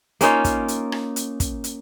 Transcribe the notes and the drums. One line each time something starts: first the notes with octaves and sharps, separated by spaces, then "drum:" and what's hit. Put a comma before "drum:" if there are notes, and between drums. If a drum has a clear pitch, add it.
A#3 C#4 D#4 F4, drum: hi-hat
drum: kick, hi-hat
drum: hi-hat
drum: rim click
drum: hi-hat
drum: kick, hi-hat
drum: hi-hat